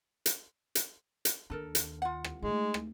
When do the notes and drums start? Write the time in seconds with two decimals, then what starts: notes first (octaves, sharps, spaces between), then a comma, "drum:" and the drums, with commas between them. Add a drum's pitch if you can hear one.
0.26 drum: hi-hat
0.75 drum: hi-hat
1.25 drum: hi-hat
1.50 D#2 D4 A4 A#4
1.75 drum: hi-hat
2.02 F4 F#5
2.24 drum: rim click
2.42 G#3 A3 D#4
2.74 drum: rim click